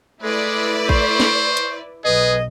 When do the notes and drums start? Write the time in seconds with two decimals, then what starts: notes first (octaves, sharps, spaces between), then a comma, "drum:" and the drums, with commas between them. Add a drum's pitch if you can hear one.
0.23 G#3 A3 E4 B4 D5
0.89 C5 C#6, drum: kick A1
1.20 drum: snare
1.57 drum: hi-hat
2.05 B1 G#4 B4 D#5